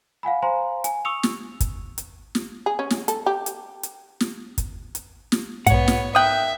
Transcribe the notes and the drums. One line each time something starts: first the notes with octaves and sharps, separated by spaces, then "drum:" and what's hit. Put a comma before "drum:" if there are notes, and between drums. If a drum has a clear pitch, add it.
F5 F#5 G#5 B5
C5 F5 G#5 A#5 C6
G#5, drum: hi-hat
C#6 D#6 E6 C#7 F7
drum: snare
drum: kick, hi-hat
drum: hi-hat
drum: snare
G#4
C#4
drum: snare
A4, drum: hi-hat
G4
drum: hi-hat
drum: hi-hat
drum: snare
drum: kick, hi-hat
drum: hi-hat
drum: snare
B1 G#2 B3 C#5 F#5, drum: hi-hat
drum: snare
D#3 E5 G5 D#6 F#6